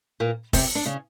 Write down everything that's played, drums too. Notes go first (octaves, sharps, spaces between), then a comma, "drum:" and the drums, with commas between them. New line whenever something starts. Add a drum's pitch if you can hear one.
A#2 A#3
C3 C4, drum: kick, open hi-hat
D4
C#3 C#4